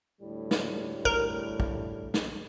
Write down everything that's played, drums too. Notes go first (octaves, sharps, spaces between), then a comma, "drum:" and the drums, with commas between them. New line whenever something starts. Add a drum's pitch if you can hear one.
D2 A2 G3
drum: snare
A#4, drum: kick
drum: kick
drum: snare